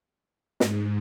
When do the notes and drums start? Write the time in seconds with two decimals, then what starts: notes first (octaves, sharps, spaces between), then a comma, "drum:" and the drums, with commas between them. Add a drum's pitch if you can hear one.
0.60 G#2, drum: snare